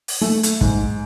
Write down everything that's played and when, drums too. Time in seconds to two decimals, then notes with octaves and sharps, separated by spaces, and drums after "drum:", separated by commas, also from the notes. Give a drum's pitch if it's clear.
0.08 drum: open hi-hat
0.21 A3
0.43 drum: hi-hat
0.61 G#2, drum: kick